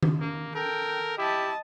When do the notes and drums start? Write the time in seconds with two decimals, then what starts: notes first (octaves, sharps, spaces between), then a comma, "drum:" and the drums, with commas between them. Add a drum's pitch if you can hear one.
0.03 drum: tom D#3
0.21 A#3
0.55 A4 A#4 G5
1.18 E4 G4 D#5 A5